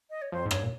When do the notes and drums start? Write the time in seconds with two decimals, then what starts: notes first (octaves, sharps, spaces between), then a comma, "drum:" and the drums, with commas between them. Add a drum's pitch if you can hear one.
0.10 D#5
0.22 C#5
0.32 F2 C5
0.46 G#2
0.51 G2 C#5, drum: rim click
0.63 A#2